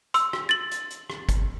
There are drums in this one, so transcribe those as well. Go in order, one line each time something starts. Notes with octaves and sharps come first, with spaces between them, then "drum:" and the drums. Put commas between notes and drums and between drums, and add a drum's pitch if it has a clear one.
C6 E6, drum: hi-hat
drum: rim click
A6 F#7
drum: hi-hat
drum: hi-hat
drum: rim click
drum: kick G1, hi-hat